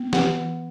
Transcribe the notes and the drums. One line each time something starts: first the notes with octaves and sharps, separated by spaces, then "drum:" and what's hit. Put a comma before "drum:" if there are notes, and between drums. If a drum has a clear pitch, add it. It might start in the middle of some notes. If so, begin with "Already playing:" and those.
Already playing: B3
E3 F#5, drum: snare